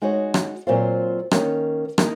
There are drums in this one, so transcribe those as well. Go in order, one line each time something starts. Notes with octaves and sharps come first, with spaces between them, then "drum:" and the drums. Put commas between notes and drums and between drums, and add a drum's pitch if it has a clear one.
G#3 D#4 F#4 C#5
drum: rim click
A#2 F#3 C4 F4 C5
D#3 A#3 C#4, drum: rim click
A#3 D#4, drum: rim click